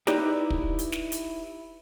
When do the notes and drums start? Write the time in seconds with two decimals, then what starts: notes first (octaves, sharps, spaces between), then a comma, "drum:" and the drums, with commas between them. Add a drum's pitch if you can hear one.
0.07 D#4 E4 G4 B4 D5 D#5, drum: snare
0.50 drum: kick
0.79 drum: hi-hat
0.92 drum: snare
1.12 drum: hi-hat